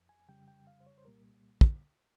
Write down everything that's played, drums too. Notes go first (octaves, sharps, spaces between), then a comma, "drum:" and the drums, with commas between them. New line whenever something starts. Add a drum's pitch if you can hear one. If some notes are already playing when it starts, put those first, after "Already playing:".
Already playing: F2
G#5
F2 C#3 G3 G5
G5
F5
C5
C#5
C5
C2 A#2 G3 A#3 A#4
drum: kick